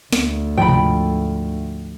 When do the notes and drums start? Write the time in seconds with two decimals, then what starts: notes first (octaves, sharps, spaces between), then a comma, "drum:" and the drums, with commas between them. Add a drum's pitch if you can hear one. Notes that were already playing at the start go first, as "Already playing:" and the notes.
0.13 D2, drum: snare
0.57 G#2 F3 G5 B5
0.68 drum: tom B2